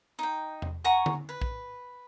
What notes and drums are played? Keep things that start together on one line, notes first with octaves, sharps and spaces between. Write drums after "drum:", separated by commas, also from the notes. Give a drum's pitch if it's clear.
D#4 G5
drum: tom E2
F#5 G#5 A#5 C#6
drum: tom D3
B4
drum: kick A#1